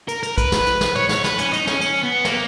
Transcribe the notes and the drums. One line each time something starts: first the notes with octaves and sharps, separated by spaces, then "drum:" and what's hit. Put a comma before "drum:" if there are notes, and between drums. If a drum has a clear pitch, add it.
A#4, drum: hi-hat
A#4, drum: hi-hat
B4, drum: kick, hi-hat
drum: snare
drum: hi-hat
drum: snare
C#5, drum: tom
C#5, drum: snare
B4, drum: snare
C#4, drum: hi-hat
D#4, drum: hi-hat
C#4, drum: snare
C#4, drum: hi-hat
B3
A#3, drum: snare